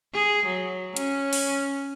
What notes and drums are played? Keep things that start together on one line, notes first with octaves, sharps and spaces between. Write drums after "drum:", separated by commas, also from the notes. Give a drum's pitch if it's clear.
G#4
F#3
C#4, drum: hi-hat
drum: open hi-hat